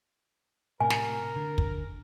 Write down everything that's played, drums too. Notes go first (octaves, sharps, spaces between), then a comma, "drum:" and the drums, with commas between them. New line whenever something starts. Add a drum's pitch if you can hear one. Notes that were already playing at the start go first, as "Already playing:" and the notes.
A2 C3 A#4 G#5
drum: snare
D3
drum: kick